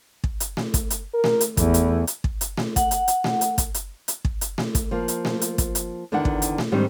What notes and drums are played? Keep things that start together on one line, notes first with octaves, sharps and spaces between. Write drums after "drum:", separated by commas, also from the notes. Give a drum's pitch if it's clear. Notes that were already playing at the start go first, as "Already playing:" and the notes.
drum: kick
drum: hi-hat
drum: snare A3
drum: kick, hi-hat
drum: hi-hat
A#4
drum: snare A3
drum: hi-hat
E2 A3, drum: kick, hi-hat
drum: hi-hat
drum: hi-hat
drum: kick
drum: hi-hat
drum: snare A3
F#5, drum: kick, hi-hat
drum: hi-hat
drum: hi-hat
drum: snare A3
drum: hi-hat
drum: kick, hi-hat
drum: hi-hat
drum: hi-hat
drum: kick
drum: hi-hat
drum: snare A3
drum: kick, hi-hat
F3 A#3
drum: hi-hat
drum: snare A3
drum: hi-hat
drum: kick, hi-hat
drum: hi-hat
E2 D3 D#3 D4 E4 F#5
drum: kick
drum: hi-hat
drum: snare A3
G#2 D#3 G3 C4 D4